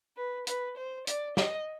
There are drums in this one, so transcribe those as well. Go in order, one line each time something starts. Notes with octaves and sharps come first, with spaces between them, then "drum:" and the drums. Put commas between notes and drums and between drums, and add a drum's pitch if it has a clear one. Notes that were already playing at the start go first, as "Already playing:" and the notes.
B4
B4, drum: hi-hat
C5
D5, drum: hi-hat
D#5, drum: snare